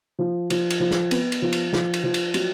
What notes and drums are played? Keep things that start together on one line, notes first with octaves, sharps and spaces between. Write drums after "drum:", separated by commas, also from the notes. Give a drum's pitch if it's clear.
F3
F3, drum: cymbal
drum: cymbal
F3
drum: snare
B3, drum: cymbal
drum: cymbal
F3
drum: cymbal
F3, drum: snare
drum: cymbal
F3
drum: cymbal
F#3, drum: cymbal